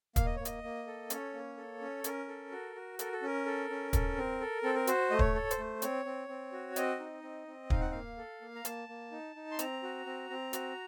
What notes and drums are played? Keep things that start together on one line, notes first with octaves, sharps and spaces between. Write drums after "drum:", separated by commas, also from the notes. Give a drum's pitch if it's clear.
A#3 F5, drum: kick, hi-hat
D#5
A#3 C#5
D#5, drum: hi-hat
A#3
A4
C#4 C#5, drum: hi-hat
A#3
A4
C#4
C#4 A#4, drum: hi-hat
A4
F#4
F#4
A4 A#4, drum: hi-hat
A4
C#4 A#4
A4
C#4
A4, drum: kick, hi-hat
C4
A4
C4 A4
A#4
F#4 C5, drum: hi-hat
A3 D#5
C#5, drum: kick
A4
C5, drum: hi-hat
A3
C4 C#5, drum: hi-hat
C4
C4
F#4
C4 D#5, drum: hi-hat
D#4
C4
C4
D#4 F5, drum: kick
F#5
A#3 F5
A4
A#3
A#5
A#3 A5, drum: hi-hat
A#3
D#4
D#4
C6
C4 A#5, drum: hi-hat
F#4
C4
C4
F#4, drum: hi-hat